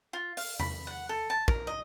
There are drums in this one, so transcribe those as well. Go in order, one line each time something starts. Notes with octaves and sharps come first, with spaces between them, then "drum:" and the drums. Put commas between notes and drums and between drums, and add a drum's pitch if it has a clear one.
F4
F5, drum: open hi-hat
B5, drum: tom E2
F#5
A4
A5
A#4, drum: kick
D#5